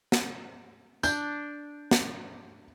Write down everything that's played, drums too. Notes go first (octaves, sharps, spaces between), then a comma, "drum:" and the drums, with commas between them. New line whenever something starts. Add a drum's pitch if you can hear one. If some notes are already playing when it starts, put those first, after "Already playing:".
drum: snare
D4 G6, drum: tambourine
drum: snare